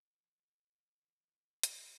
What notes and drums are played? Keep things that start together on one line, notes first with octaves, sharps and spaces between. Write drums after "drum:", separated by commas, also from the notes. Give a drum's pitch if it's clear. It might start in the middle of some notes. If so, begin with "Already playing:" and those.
F3
C#2
E3
G3, drum: hi-hat